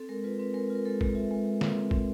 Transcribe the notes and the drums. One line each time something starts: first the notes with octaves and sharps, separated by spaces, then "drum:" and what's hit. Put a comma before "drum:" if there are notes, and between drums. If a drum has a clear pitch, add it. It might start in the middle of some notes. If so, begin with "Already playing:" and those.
Already playing: C4 A4
G#3 A#4
F4 B4
C4 B4
G#3 A#4
F4
A#4
G#3 A4
A#4
G#3, drum: kick
F4 E5
G#3
G#3
G#3, drum: snare
C4
C4, drum: kick